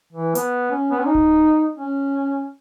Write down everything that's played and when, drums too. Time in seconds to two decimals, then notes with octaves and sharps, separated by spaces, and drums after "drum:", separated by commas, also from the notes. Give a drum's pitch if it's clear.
0.13 E3
0.35 B3, drum: hi-hat
0.71 C#4
0.91 B3
0.99 C#4
1.06 D#4
1.15 drum: kick D1
1.77 C#4